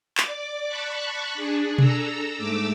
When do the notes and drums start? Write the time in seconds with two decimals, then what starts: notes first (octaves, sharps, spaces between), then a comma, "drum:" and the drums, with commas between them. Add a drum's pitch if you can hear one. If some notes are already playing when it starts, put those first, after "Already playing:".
0.18 D5 D6, drum: clap
0.68 A5 B5 C#6 F#6
1.34 D4 G#4
1.78 A4 A#5 E6, drum: tom B2
2.38 G#2 A3 D6 E6